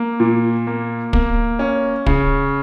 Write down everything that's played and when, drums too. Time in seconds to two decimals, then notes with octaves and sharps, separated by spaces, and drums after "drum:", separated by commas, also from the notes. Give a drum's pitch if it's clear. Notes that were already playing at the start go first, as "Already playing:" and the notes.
Already playing: A#3
0.20 A#2
0.67 A#3
1.13 A#3, drum: kick
1.59 C#4
2.06 C#3, drum: kick